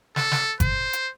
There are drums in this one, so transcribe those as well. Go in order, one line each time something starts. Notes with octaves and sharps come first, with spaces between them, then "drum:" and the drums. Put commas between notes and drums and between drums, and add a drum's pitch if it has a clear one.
A4, drum: snare
drum: snare
C5, drum: kick G1, hi-hat
drum: hi-hat